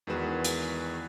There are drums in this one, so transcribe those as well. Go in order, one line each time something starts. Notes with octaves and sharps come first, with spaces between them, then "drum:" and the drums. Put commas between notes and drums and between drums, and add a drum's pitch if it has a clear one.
E2 D#3 G#3 F#4 B4 E7
drum: hi-hat